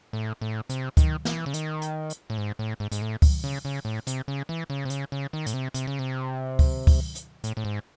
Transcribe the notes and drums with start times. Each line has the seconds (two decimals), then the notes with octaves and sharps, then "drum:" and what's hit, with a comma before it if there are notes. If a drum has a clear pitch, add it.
0.13 A2
0.41 A2
0.69 C3, drum: hi-hat
0.97 D#3, drum: kick C#2, hi-hat
1.25 E3, drum: snare
1.46 C#3
1.54 D#3, drum: hi-hat
1.82 drum: hi-hat
2.10 drum: hi-hat
2.30 A2
2.38 G#2
2.59 A2
2.80 G#2
2.92 G#2, drum: hi-hat
3.02 A2
3.22 drum: kick C#2, open hi-hat
3.44 C#3
3.65 C#3
3.85 A2
4.07 C3, drum: hi-hat
4.28 C#3
4.49 E3
4.70 C#3
4.85 C3
4.90 C#3, drum: hi-hat
5.12 C#3
5.33 D#3
5.46 A2, drum: hi-hat
5.54 C3
5.74 C3, drum: hi-hat
5.87 C#3
5.99 C3
6.59 drum: kick C#2, open hi-hat
6.87 drum: kick C#2, open hi-hat
7.15 drum: hi-hat
7.44 A2, drum: hi-hat
7.57 A2
7.65 G#2